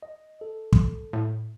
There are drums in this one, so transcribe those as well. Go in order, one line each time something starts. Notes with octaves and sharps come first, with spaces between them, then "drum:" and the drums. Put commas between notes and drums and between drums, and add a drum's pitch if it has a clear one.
D#5
A4
drum: kick
A2